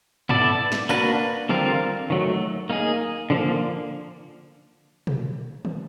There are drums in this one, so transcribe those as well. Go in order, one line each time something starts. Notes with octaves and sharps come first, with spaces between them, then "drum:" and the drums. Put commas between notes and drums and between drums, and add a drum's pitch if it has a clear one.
B3 E4 A4 D5, drum: tom
drum: snare
A#3 D4 F#4 B4, drum: tambourine
D3 G3 C4 F4 A#4, drum: tom
D#3 F#3 A3
A#3 D#4 G#4
D3 F3 A#3
drum: tom
drum: tom